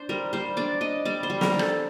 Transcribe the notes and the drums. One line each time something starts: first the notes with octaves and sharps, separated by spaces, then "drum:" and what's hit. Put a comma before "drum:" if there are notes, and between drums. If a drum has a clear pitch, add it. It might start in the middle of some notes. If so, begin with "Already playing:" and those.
Already playing: D4 C5
G3 A#4
G3 C5
D4 D5
D4 D#5
G3 D5
C5
G3
A#4, drum: snare
D4
A4, drum: rim click